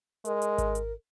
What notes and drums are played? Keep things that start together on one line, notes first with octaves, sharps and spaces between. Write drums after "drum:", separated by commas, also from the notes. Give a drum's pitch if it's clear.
G#3 A#4, drum: hi-hat
drum: hi-hat
drum: kick G#1, hi-hat
drum: hi-hat